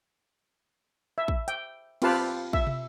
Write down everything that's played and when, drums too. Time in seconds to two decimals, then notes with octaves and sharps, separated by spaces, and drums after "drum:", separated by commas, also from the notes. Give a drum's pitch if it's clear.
1.18 E5
1.28 drum: kick
1.48 G5, drum: hi-hat
2.02 C4 F4 G4 B4 F5 A5, drum: cymbal
2.53 E5, drum: kick
2.67 drum: tom